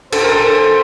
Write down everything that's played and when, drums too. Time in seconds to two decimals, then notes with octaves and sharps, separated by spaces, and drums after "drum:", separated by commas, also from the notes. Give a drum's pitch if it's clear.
0.12 A4 C5, drum: cymbal
0.23 A#4
0.32 A4